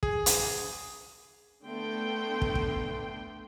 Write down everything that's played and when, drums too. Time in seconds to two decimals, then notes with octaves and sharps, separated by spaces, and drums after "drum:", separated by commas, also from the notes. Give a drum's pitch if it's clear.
0.03 G#4, drum: kick
0.26 drum: hi-hat
1.66 D3 A3 B3 G5 C6
2.41 drum: kick
2.55 drum: kick